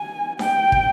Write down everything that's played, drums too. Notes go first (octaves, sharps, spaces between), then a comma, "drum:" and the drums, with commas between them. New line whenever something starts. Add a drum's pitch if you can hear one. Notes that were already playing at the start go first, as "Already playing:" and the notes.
Already playing: G#5
G5, drum: snare D4
drum: kick